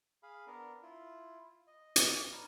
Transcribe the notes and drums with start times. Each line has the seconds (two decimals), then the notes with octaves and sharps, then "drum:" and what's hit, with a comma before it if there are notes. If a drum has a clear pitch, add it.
0.23 G#4 F5 B5
0.47 B3 D4 A#4
0.83 E4 F4
1.67 D#5
1.96 drum: hi-hat
2.32 D4 D#4 B4 F6